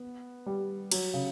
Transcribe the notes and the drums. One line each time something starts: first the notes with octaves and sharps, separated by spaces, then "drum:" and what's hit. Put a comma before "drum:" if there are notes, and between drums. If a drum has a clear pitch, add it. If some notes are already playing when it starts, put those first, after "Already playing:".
Already playing: B3
G3
F#3, drum: cymbal
C#3